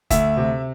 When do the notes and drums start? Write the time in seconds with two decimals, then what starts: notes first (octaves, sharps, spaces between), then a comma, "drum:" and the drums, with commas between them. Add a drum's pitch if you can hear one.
0.10 D2 E5, drum: kick, hi-hat
0.37 C3